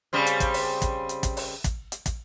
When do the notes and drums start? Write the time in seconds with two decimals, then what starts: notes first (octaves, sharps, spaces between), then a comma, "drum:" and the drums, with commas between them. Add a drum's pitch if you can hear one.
0.13 C#3 G3 C4
0.27 drum: hi-hat
0.40 drum: kick, hi-hat
0.54 drum: open hi-hat
0.82 drum: kick, hi-hat
1.09 drum: hi-hat
1.23 drum: kick, hi-hat
1.37 drum: open hi-hat
1.64 drum: kick, hi-hat
1.92 drum: hi-hat
2.06 drum: kick, hi-hat